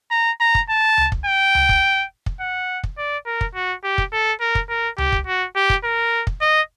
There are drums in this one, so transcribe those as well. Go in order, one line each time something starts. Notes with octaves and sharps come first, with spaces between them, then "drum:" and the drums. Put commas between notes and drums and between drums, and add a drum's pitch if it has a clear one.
A#5
A#5
drum: kick
A5
drum: tom C#2
drum: kick
G5
drum: tom C#2
drum: kick
drum: kick
F#5
drum: kick
D5
A#4
drum: kick
F#4
G4
drum: kick
A4
A#4
drum: kick
A#4
G4, drum: tom C#2
drum: kick
F#4
G4
drum: kick
A#4
drum: kick
D#5